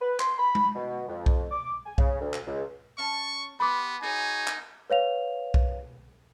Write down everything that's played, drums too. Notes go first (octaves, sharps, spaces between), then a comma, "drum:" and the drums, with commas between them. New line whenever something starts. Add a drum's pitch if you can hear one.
B4
C6, drum: clap
B5
drum: tom G#3
B2
F2
drum: kick B1
D6
G#5
C#3, drum: kick B1
D2
drum: clap
C#2
C#4 A5 C#6
B3 G4 B4 B5 C6 D6
D#4 F#4 G#4 C#5 G#5
drum: clap
B4 C#5 F5 F7
drum: kick B1